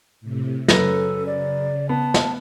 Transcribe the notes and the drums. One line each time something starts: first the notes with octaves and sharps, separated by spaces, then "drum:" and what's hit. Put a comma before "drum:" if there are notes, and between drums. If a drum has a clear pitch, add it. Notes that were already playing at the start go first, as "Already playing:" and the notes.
A2 C3
F#2 C#3 A4 B4 A#6, drum: snare
D5
B3 A5
drum: snare